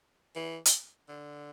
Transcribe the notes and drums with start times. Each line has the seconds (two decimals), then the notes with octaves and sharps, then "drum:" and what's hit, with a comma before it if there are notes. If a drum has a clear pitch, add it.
0.36 E3
0.65 drum: hi-hat
1.08 D3